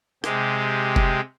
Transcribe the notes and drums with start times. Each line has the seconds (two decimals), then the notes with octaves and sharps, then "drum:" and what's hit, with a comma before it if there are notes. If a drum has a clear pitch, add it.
0.24 C3 G#3 G4, drum: rim click
0.96 drum: kick F1